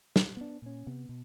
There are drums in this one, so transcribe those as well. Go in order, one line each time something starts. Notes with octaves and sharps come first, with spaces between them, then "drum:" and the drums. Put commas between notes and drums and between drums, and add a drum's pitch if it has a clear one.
drum: snare
B3 D4
A#2 C#4
C3 B3
B2